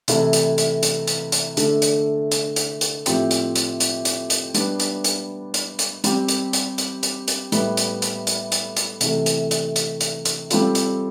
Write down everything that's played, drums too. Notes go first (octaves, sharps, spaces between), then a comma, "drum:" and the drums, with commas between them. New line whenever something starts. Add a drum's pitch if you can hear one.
C3 E3 A3 E4 A4, drum: hi-hat
drum: hi-hat
drum: hi-hat
drum: hi-hat
drum: hi-hat
drum: hi-hat
D3 A3 D4 A4, drum: hi-hat
drum: hi-hat
drum: hi-hat
drum: hi-hat
drum: hi-hat
A2 F3 C4 G4, drum: hi-hat
drum: hi-hat
drum: hi-hat
drum: hi-hat
drum: hi-hat
drum: hi-hat
G3 B3 D4, drum: hi-hat
drum: hi-hat
drum: hi-hat
drum: hi-hat
drum: hi-hat
G3 C4 G4, drum: hi-hat
drum: hi-hat
drum: hi-hat
drum: hi-hat
drum: hi-hat
drum: hi-hat
A2 G3 B3, drum: hi-hat
drum: hi-hat
drum: hi-hat
drum: hi-hat
drum: hi-hat
drum: hi-hat
C3 E3 A3, drum: hi-hat
drum: hi-hat
drum: hi-hat
drum: hi-hat
drum: hi-hat
drum: hi-hat
G3 C4 F4 A4, drum: hi-hat
drum: hi-hat